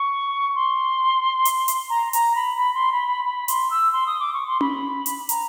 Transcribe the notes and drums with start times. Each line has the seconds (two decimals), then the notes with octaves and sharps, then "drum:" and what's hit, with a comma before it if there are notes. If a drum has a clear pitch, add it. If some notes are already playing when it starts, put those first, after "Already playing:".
Already playing: C#6
0.55 C6
1.45 drum: hi-hat
1.68 drum: hi-hat
1.90 A#5
2.13 A#5, drum: hi-hat
2.36 B5
2.57 B5
2.75 C6
2.92 B5
3.08 B5
3.25 B5
3.48 C6, drum: hi-hat
3.71 E6
3.93 C6
4.07 D#6
4.20 D6
4.34 C#6
4.47 C6
4.61 B5, drum: tom C#4
5.06 drum: hi-hat
5.29 A#5, drum: hi-hat